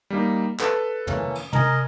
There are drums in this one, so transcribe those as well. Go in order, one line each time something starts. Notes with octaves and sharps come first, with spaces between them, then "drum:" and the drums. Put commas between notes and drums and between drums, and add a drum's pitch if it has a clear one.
G3 A#3 D#4
A4 B4, drum: clap
E3 A#3 C#4, drum: tom
drum: cymbal
A#4 D#5 G#5 A#5, drum: tom